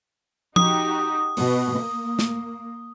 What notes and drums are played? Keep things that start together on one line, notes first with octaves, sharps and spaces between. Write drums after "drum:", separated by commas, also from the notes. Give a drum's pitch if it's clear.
D#4 F#4 G4 D#6, drum: tom F3
B2, drum: open hi-hat
A#3
drum: snare